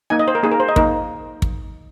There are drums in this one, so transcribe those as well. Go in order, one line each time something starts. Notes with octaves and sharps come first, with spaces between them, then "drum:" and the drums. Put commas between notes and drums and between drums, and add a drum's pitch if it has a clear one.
A#3 D#4 G#5
D#5
C5
A#4
A#3 D#4 G#4
A#4
C5
D#5
A#3 D#4 A#4, drum: kick
drum: kick